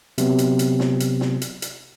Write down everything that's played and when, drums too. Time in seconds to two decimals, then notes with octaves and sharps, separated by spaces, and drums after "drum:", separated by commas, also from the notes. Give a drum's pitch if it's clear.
0.18 C3 F#3 B3, drum: hi-hat
0.38 drum: hi-hat
0.59 drum: hi-hat
0.80 drum: snare
1.00 drum: hi-hat
1.21 drum: snare
1.42 drum: hi-hat
1.62 drum: hi-hat